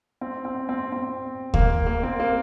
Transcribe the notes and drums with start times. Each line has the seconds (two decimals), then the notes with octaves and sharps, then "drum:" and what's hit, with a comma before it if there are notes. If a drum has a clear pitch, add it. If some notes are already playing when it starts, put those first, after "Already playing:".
0.21 C4
0.45 C4
0.69 C4
0.92 C4
1.54 A#3, drum: kick D2
1.87 A#3
2.03 C4
2.20 A#3